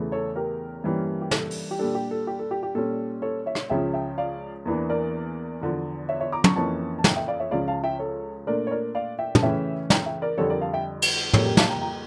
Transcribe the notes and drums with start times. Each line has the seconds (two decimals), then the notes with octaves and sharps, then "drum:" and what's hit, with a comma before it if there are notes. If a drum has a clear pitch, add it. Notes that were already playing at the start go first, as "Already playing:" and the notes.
Already playing: E2 C#3 E3 A3
0.12 A4 C#5
0.36 G4 A#4
0.84 G2 E3 G3 A#3 C#4
1.21 G4
1.31 A4, drum: snare
1.51 drum: open hi-hat
1.71 G4
1.79 A#2 G3 D4 A4
1.95 G4
2.11 A4
2.27 G4
2.39 A4
2.51 G4
2.63 G4
2.75 A#2 G3 C#4 A4
3.22 A4 C#5
3.46 C#5 E5
3.55 drum: rim click
3.70 C#2 C#3 F3 C#4 E5 G5
3.93 E5 G5
4.18 D5 F5
4.65 E2 E3 A#3 D4
4.90 A#4 D5
5.61 E2 D3 F3
6.09 C#5 E5
6.20 C#5 E5
6.32 A#5 D6
6.44 A5 C#6, drum: tom
6.56 F2 E3 A#3 C#4 A5 C#6
6.99 A5
7.04 G5 A#5, drum: snare
7.16 E5 G5
7.28 D5 F5
7.40 C#5 E5
7.51 C#2 C#3 F3 C#4 D5 F5
7.68 F5 A5
7.84 E5 G5
7.99 A4 C#5
8.47 A#2 A3 D4 A#4 D5
8.67 C#5
8.71 A#4 D5
8.95 D5 F5
9.19 E5 G5
9.35 A5, drum: tom
9.42 C#3 E3 A3 C#4 E5 G5
9.90 G5 A#5, drum: snare
10.06 E5 G5
10.22 A#4 D5
10.38 F2 D3 G3 A4 C#5
10.50 A#4 D5
10.61 F5 A5
10.73 E5 G5
11.02 drum: cymbal
11.33 F2 C#3 G3 A#3 A4 C#5, drum: tom
11.45 G4 A#4
11.57 F5 A5, drum: snare
11.69 G5 A#5
11.81 G5 A#5